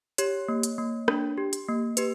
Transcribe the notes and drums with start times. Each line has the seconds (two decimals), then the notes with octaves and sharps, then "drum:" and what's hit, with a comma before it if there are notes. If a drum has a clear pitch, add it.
0.18 G4 C#5, drum: hi-hat
0.48 A#3
0.63 drum: hi-hat
0.78 A#3
1.08 D4, drum: rim click
1.38 G4
1.53 drum: hi-hat
1.68 A#3
1.97 G4 B4, drum: hi-hat